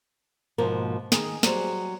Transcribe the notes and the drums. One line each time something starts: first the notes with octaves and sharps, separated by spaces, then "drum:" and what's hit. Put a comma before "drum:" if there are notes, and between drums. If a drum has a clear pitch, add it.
G#2 B2 F3 A#3
D#3 G#4, drum: snare
F#3 G3 C5, drum: snare